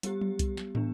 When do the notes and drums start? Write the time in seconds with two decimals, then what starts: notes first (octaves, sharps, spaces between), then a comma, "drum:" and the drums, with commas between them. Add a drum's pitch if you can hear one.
0.03 G3 B3 G4, drum: hi-hat
0.21 drum: tom F#3
0.39 drum: kick C2, hi-hat
0.57 drum: snare
0.75 E3 B3 D4, drum: tom